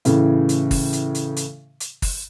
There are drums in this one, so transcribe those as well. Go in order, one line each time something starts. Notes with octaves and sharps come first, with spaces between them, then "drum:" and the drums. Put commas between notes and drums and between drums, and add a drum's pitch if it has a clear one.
A2 C#3 E3, drum: hi-hat
drum: hi-hat
drum: kick, open hi-hat
drum: hi-hat
drum: hi-hat
drum: hi-hat
drum: hi-hat
drum: kick, open hi-hat